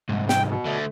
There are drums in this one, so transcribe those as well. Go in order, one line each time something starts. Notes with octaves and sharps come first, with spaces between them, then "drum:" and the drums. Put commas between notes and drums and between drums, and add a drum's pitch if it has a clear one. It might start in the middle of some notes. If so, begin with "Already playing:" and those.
C2 G#2
G5, drum: snare
B2
D3 A3